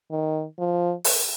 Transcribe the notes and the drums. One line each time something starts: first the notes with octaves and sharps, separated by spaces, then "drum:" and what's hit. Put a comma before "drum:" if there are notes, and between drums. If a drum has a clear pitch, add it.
D#3
F3
drum: open hi-hat